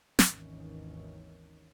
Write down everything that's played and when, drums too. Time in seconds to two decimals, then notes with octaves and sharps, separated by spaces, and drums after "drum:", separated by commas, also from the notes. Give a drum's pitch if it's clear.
0.19 G#1 D#2 D#3 E3 C#4, drum: snare